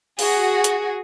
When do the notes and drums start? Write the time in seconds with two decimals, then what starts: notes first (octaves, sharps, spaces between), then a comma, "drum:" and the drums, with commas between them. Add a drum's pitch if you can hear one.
0.19 F#4 G#4, drum: open hi-hat
0.64 drum: hi-hat